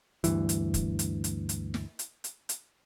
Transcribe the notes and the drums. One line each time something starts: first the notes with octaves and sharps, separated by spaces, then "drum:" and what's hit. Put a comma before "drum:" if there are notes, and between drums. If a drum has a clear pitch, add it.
D2 G2 E3, drum: hi-hat
drum: hi-hat
drum: kick, hi-hat
drum: hi-hat
drum: hi-hat
drum: hi-hat
drum: snare
drum: hi-hat
drum: hi-hat
drum: hi-hat